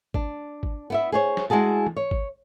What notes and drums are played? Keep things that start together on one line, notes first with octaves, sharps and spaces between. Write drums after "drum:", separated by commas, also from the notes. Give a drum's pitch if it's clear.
D4, drum: kick
drum: kick
B3 E4 E5
G#4 C5 C#5
drum: snare
G#3 E4 F#4 G#4 A5
drum: tom
C#5
drum: kick